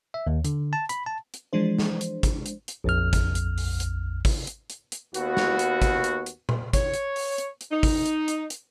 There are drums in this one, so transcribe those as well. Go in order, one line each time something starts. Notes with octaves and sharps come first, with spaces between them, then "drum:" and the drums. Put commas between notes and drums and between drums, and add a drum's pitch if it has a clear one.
E5
D#2
D3, drum: hi-hat
A5
B5, drum: hi-hat
A5
drum: hi-hat
E3 F3 G#3 D4 C5
drum: snare
drum: hi-hat
drum: kick G#1, hi-hat
drum: hi-hat
drum: hi-hat
A#1 F2 F6
drum: kick G#1, hi-hat
drum: hi-hat
drum: open hi-hat
drum: hi-hat
drum: kick G#1, open hi-hat
drum: hi-hat
drum: hi-hat
drum: hi-hat
D#2 B3 F#4, drum: hi-hat
drum: snare
drum: hi-hat
drum: kick G#1, hi-hat
drum: hi-hat
drum: hi-hat
drum: tom A#2
C#5, drum: kick G#1, hi-hat
drum: hi-hat
drum: open hi-hat
drum: hi-hat
drum: hi-hat
D#4
drum: kick G#1, open hi-hat
drum: hi-hat
drum: hi-hat
drum: hi-hat